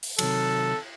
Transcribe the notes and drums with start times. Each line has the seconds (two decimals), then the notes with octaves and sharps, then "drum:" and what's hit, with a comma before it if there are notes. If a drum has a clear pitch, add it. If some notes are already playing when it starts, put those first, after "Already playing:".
0.03 drum: open hi-hat
0.19 C3 D#3 F#3 A4, drum: cymbal